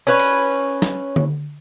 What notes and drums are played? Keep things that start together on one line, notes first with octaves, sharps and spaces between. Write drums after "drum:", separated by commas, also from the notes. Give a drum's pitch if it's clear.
C#4 B4 C#5
drum: cymbal
drum: snare
drum: tom D3